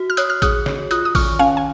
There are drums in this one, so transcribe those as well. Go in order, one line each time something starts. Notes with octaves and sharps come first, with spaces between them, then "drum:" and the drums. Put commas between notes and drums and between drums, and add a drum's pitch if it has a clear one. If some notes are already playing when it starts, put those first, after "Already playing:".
Already playing: F#4
F6
C#5 D#6 F#6, drum: hi-hat
F6
G#4 D#6 F#6, drum: kick A1, hi-hat
C#5, drum: snare
F4 D#6 F#6, drum: hi-hat
D#6
D#3 C#6 F6, drum: kick A1, open hi-hat
C#4 F5 G#5
G#5